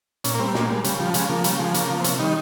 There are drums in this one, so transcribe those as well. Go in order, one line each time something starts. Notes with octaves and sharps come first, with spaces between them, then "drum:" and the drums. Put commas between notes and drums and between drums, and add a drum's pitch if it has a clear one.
A#2 C#4, drum: hi-hat
A#3
G3 C4
A#2 A#3, drum: snare
G3 G#3
C#3 G3, drum: hi-hat
F3 G3
C#3 G#3, drum: hi-hat
F3 A#3
C#3 G3, drum: hi-hat
F3 G#3
C#3 A#3, drum: hi-hat
F3
C4
C3 C#4, drum: hi-hat
D#3 G3 D#4